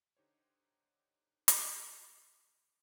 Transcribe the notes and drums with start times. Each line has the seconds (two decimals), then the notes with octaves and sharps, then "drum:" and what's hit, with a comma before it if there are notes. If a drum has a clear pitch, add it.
0.17 D3 D#4 G4 C5 C#5
1.48 drum: hi-hat